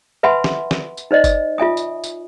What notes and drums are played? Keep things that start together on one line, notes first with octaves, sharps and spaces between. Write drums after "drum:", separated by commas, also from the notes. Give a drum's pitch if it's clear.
B4 E5 F#5 G#5 B5 C6
drum: snare
drum: snare
drum: tambourine
D#4 C5 D5 D#5
drum: kick G1, tambourine
F4 E5 G#5 D#6
drum: tambourine
drum: tambourine